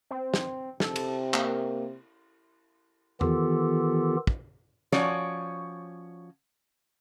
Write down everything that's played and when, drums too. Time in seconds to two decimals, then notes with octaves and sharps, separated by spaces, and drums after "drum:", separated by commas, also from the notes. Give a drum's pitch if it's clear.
0.11 C4
0.34 drum: snare
0.80 C3 A4, drum: snare
0.96 drum: cymbal
1.34 A#3, drum: clap
3.21 D#3 E3 B3 F4 G4 A4, drum: tom E2
4.27 drum: kick
4.92 F3 C#4 F#4 C#5 D5, drum: snare